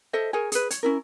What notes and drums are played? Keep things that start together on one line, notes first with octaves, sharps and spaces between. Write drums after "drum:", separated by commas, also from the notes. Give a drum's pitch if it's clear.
A4 C5 D#5 E5
G#4 A#4 C#5 G#5
G#4 B4, drum: hi-hat
C#5, drum: hi-hat
C#4 E4 A#4